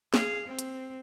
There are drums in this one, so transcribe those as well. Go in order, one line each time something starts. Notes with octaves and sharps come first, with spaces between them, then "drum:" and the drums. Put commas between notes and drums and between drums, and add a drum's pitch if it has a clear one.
G#4 F5, drum: snare
C4
drum: hi-hat